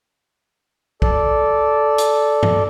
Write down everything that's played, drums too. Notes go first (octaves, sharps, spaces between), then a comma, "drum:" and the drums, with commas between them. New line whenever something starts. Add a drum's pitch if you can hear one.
A4 D5, drum: kick
drum: hi-hat
drum: tom G2